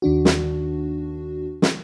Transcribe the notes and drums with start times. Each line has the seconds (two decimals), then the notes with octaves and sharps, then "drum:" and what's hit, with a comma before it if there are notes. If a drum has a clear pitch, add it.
0.02 D#2 D#3 D4 F#4
0.25 drum: snare
1.62 drum: snare